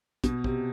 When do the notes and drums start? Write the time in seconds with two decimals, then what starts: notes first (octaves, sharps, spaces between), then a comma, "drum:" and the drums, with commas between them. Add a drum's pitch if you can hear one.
0.24 B2, drum: kick, hi-hat
0.44 C3, drum: kick